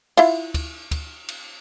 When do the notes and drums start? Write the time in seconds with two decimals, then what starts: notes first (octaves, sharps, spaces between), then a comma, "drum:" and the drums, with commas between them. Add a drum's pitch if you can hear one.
0.17 E4 F4, drum: cymbal
0.54 drum: kick, cymbal
0.91 drum: kick, cymbal
1.28 drum: cymbal